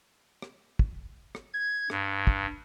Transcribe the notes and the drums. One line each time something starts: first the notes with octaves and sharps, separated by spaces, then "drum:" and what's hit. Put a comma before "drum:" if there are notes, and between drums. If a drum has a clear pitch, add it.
drum: rim click
drum: kick
drum: rim click
G#6
G2, drum: rim click
drum: kick